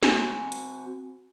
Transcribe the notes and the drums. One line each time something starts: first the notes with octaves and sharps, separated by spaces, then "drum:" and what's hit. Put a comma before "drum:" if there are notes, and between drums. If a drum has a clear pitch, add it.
C4 F#4 G#5, drum: snare
drum: hi-hat